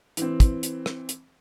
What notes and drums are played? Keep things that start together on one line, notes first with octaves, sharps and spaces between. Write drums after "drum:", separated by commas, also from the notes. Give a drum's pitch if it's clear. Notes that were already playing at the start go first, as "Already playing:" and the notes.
E3 C4, drum: hi-hat
drum: kick, hi-hat
drum: hi-hat
drum: rim click
drum: hi-hat